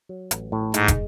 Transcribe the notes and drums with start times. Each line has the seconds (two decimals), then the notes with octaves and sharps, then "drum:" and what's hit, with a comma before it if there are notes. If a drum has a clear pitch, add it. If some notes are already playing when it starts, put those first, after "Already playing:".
0.09 F#3
0.31 A1, drum: hi-hat
0.52 A2
0.74 G#2 G#3, drum: hi-hat
0.88 drum: kick, hi-hat